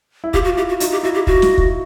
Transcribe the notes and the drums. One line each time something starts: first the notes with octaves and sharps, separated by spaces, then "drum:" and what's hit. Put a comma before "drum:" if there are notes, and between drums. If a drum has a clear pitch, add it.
E4
F4 G4, drum: kick
F#4
E4 G4
F#4
D#4 F#4, drum: hi-hat
G4
E4 F#4
G4
F#4, drum: kick
drum: snare
drum: kick